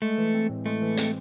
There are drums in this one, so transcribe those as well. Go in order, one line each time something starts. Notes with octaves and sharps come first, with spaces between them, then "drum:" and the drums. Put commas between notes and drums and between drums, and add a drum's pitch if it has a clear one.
G#3 A3
E3
C4
A2
G#3 A3
E3
C4, drum: hi-hat